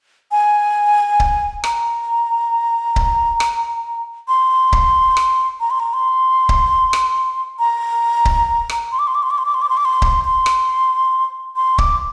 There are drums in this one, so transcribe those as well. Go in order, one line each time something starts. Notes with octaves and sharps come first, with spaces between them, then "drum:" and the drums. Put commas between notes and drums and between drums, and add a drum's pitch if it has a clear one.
G#5
drum: kick C#1
A#5, drum: rim click
drum: kick C#1
drum: rim click
C6
drum: kick C#1
drum: rim click
A#5
C6
A#5
C6
drum: kick C#1
drum: rim click
A#5
drum: kick C#1
drum: rim click
C6
D6
C6
D6
C6
D6
C6
D6
C6
D6
C6
D6
C6
drum: kick C#1
C6
drum: rim click
C6
D6, drum: kick C#1